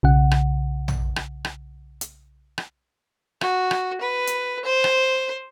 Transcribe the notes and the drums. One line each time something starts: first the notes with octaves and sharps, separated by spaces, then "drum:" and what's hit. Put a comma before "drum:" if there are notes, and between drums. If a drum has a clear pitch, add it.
B1 C#3 F#5
drum: rim click
drum: tom A#1
drum: rim click
drum: rim click
drum: hi-hat
drum: rim click
F#4, drum: rim click
drum: rim click
B4
drum: hi-hat
C5
drum: rim click